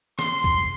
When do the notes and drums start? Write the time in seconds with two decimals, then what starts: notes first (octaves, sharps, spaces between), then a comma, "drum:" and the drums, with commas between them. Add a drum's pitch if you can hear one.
0.19 C6, drum: snare
0.44 drum: kick C2